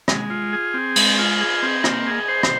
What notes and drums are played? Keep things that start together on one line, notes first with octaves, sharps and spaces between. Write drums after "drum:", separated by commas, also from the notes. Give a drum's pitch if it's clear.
G#3, drum: rim click
F4
G#4
C4
G#3, drum: cymbal
F4
G#4
C4
A#3, drum: rim click
G#4
C5
drum: rim click